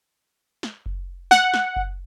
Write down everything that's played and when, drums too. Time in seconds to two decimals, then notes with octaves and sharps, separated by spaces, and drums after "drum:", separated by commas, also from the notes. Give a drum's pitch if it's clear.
0.63 drum: snare
0.86 drum: kick F#1
1.31 F#5, drum: snare
1.54 drum: snare
1.76 drum: kick F#1